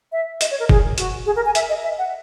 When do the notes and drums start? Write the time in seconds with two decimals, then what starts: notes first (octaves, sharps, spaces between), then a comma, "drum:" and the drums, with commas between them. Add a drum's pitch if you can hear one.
0.12 E5
0.41 D#5, drum: hi-hat
0.51 C#5
0.60 A#4
0.69 G#4, drum: kick F1
0.98 F#4, drum: hi-hat
1.26 G#4
1.36 A#4
1.46 G#5
1.55 E5, drum: hi-hat
1.69 D#5
1.84 E5
1.98 F#5